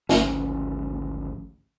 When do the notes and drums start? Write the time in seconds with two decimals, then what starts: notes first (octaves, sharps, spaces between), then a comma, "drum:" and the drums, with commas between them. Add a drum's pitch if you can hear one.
0.09 G#1 D2 F3 C#4, drum: snare